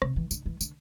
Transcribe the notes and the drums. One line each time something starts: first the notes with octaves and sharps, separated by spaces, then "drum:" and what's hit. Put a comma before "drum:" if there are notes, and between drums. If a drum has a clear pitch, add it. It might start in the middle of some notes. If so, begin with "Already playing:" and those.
C3, drum: rim click
E3
D3, drum: tambourine
E3
D3, drum: tambourine